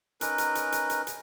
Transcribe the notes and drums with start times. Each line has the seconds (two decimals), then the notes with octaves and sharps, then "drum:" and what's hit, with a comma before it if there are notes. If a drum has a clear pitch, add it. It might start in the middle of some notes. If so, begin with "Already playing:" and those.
0.21 C#4 D#4 A#4 B4, drum: hi-hat
0.38 drum: hi-hat
0.55 drum: hi-hat
0.72 drum: hi-hat
0.90 drum: hi-hat
1.07 drum: hi-hat